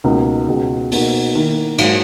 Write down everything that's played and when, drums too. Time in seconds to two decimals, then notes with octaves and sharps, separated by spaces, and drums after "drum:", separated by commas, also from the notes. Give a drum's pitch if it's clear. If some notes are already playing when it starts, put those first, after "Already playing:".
0.04 C#2 B2 A#3 D#4
0.48 C#2 B2 G#3
0.92 B2 A#3 D#4 F#4, drum: open hi-hat
1.35 D#3 A#3 E4
1.78 G#2 F#3 A#3, drum: cymbal